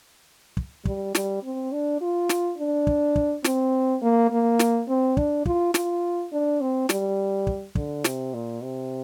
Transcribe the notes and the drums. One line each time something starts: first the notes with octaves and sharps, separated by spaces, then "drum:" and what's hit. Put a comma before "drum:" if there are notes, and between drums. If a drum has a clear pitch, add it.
drum: kick
G3, drum: kick
G3, drum: snare
C4
D4
F4
drum: snare
D4
drum: kick
drum: kick
C4, drum: snare
A#3
A#3
drum: snare
C4
D4, drum: kick
F4, drum: kick
F4, drum: snare
D4
C4
G3, drum: snare
drum: kick
D3, drum: kick
C3, drum: snare
A#2
C3